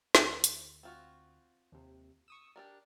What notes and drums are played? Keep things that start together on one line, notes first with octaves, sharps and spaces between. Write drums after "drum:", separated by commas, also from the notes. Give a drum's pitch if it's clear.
D2, drum: snare
drum: hi-hat
C4 F4 F#4
D#2 C3
C#6 D#6 E6
D4 G4 A#4 D5